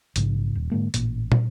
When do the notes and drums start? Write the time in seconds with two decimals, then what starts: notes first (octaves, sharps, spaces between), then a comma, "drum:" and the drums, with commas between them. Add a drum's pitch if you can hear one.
0.16 A#1 G#2 C#3, drum: hi-hat
0.55 D#1
0.72 G#2 D3 G#3 A#3
0.94 A1 A#2, drum: hi-hat
1.32 drum: tom